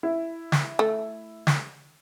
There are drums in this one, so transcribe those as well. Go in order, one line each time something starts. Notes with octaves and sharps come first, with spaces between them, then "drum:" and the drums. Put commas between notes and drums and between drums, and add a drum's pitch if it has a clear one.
E4
drum: snare
A3
drum: snare